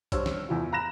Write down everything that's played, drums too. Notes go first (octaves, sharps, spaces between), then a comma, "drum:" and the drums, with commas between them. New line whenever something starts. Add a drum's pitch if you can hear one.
G2 C5 C#5 E6, drum: kick, hi-hat
drum: snare
E2 E4 F4
A#5 B5 F#6 A#6 E7